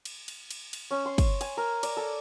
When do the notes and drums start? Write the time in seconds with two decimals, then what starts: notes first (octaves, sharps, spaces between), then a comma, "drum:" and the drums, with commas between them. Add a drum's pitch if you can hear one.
0.05 drum: cymbal
0.28 drum: cymbal
0.51 drum: cymbal
0.73 drum: cymbal
0.91 C#4
1.06 C6
1.18 drum: kick, cymbal
1.41 G#5, drum: cymbal
1.57 A#4
1.83 D5, drum: cymbal
1.97 A4